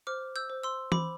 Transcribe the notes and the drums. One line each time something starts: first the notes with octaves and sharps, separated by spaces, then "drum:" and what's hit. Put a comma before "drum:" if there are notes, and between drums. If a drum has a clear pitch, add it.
C5 D6 F6
E6 G6
C5
C6 E6
C5 B5 D6, drum: tom E3